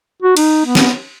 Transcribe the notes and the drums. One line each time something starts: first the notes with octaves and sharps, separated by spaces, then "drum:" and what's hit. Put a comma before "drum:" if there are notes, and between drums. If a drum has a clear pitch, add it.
F#4
D#4, drum: cymbal
B3
drum: snare